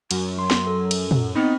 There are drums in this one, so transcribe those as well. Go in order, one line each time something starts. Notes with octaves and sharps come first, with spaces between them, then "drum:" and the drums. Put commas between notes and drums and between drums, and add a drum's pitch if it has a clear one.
F#2 F#4, drum: cymbal
F#3 C6
drum: snare
A4
drum: cymbal
drum: tom
B3 C4 D#4 B5